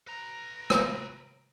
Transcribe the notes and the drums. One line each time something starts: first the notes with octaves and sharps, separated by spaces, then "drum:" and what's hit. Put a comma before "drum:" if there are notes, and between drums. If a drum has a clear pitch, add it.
B4 A#5 A#6
drum: rim click